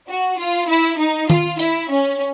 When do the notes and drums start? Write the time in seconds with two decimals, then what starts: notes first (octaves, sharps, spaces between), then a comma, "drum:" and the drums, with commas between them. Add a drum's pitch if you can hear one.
0.09 F#4
0.40 F4
0.69 E4
0.99 D#4
1.30 F4, drum: tom D#3
1.59 E4, drum: hi-hat
1.90 C#4